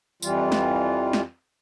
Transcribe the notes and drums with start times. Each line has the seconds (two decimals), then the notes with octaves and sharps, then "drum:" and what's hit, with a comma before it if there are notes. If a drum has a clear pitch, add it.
0.22 F2 E3 G3 F4, drum: tambourine
0.52 drum: snare
1.13 drum: snare